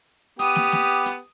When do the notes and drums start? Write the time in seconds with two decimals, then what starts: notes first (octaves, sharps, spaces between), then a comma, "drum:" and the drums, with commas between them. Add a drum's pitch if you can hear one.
0.39 B3 G4 D#6, drum: hi-hat
0.56 drum: snare
0.72 drum: snare
1.06 drum: hi-hat